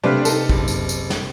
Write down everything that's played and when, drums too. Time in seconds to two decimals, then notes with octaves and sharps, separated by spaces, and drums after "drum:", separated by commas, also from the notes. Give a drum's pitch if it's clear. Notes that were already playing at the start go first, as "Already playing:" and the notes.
0.04 C3 A3 C4 D4 B4 F5
0.25 D#4 A4, drum: tambourine
0.49 F#1, drum: kick
0.68 drum: tambourine
0.89 drum: tambourine
1.10 drum: snare